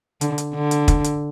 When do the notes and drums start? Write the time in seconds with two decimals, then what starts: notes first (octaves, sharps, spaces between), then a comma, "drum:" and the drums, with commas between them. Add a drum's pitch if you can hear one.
0.21 D3, drum: hi-hat
0.38 drum: hi-hat
0.54 D3
0.71 drum: hi-hat
0.88 drum: kick, hi-hat
1.04 drum: hi-hat